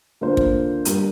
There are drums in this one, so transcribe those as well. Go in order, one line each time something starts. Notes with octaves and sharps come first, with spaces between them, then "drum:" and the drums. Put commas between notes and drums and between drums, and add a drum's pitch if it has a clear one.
D3 A#3 F4 C5
drum: kick
G2 G3 D4 A#4, drum: hi-hat